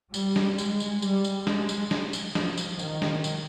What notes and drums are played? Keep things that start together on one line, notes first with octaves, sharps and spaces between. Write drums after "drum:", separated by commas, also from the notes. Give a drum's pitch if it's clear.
G3, drum: tambourine
drum: snare
G#3, drum: tambourine
drum: tambourine
G3, drum: tambourine
drum: tambourine
G#3, drum: snare
drum: tambourine
drum: snare
drum: tambourine
F3, drum: snare
drum: tambourine
D#3, drum: tambourine
drum: snare
drum: tambourine